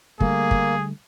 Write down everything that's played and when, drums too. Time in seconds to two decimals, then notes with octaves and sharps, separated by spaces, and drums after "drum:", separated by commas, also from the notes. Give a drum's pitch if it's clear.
0.20 D3 G3 A3 A#3 G#4, drum: kick
0.51 drum: kick